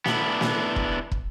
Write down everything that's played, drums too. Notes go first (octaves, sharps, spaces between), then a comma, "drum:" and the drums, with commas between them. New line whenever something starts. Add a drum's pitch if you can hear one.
B3 D4 E4, drum: snare
drum: snare
drum: kick
drum: kick